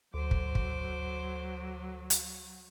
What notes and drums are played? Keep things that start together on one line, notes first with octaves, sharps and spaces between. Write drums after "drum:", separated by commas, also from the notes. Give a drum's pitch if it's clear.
D2 F#3 C5 D6
drum: kick
drum: kick
drum: hi-hat